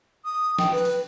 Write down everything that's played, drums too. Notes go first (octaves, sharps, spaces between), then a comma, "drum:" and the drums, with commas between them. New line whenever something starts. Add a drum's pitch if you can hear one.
D#6
G5, drum: snare
B4
drum: open hi-hat